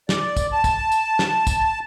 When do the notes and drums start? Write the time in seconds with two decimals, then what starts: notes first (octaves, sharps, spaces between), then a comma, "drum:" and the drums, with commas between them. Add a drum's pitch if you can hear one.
0.09 D5, drum: snare
0.37 drum: kick, tambourine
0.52 A5
0.64 drum: kick, tambourine
0.92 drum: tambourine
1.19 drum: snare
1.47 drum: kick, tambourine